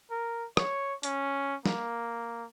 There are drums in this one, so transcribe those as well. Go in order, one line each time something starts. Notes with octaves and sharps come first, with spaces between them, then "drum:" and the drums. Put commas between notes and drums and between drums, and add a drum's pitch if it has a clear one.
A#4
C#5, drum: rim click
C#4, drum: hi-hat
A#3, drum: snare